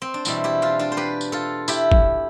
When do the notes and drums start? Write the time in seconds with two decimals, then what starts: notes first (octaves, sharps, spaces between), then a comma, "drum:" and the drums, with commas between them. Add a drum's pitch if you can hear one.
0.02 C4
0.14 D4
0.25 E2 B2 G3 C4 E4, drum: tambourine
0.44 E4 G4
0.62 D4 F4
0.79 D4 F4
0.92 C5
0.97 G4 B4
1.21 drum: tambourine
1.32 F4 A4
1.68 E4 G4, drum: tambourine
1.92 drum: kick